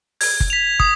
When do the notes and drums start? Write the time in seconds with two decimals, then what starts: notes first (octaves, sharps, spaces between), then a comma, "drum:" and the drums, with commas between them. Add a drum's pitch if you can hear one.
0.21 G#6, drum: open hi-hat
0.40 drum: kick
0.50 B6 F7
0.80 D#6, drum: kick